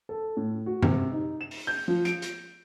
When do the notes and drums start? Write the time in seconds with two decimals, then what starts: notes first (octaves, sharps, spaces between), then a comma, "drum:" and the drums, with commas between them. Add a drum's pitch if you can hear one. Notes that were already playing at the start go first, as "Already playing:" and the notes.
0.09 A4
0.37 A2
0.66 F#4
0.82 C3, drum: tom F#2
1.12 D#4
1.41 E7
1.51 drum: open hi-hat
1.67 G6
1.88 F3
2.05 D7, drum: hi-hat
2.22 drum: hi-hat